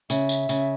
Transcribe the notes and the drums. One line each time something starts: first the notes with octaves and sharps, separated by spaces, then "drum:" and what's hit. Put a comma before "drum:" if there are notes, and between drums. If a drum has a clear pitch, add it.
C#3 E5, drum: tambourine
drum: tambourine
C#3, drum: tambourine